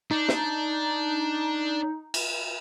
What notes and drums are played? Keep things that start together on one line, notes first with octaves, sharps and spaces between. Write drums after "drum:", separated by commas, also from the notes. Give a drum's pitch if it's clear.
D4 D#4
drum: snare
drum: cymbal